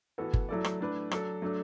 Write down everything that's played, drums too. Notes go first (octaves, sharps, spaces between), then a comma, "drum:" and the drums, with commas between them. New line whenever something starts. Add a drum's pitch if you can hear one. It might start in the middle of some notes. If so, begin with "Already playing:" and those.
A2 E3 B3 F#4 A4
drum: kick G1
F#3 A3 E4 A4 D5
drum: rim click
A2 A3 D4 B4
F#3 D4 A4, drum: rim click
F#3 A3 D4 A4